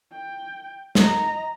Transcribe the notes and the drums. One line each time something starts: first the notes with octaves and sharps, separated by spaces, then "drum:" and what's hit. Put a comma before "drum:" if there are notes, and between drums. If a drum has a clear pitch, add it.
G5
D#5 A#5, drum: snare